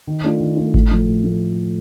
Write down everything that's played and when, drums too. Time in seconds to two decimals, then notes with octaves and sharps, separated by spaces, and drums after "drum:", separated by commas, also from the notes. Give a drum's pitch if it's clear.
0.07 D#3
0.24 A3 D4 F4
0.40 D#3
0.57 A3 D4 F4
0.74 A2, drum: kick G#1
0.91 F3 A3
1.08 A2
1.24 F3 A3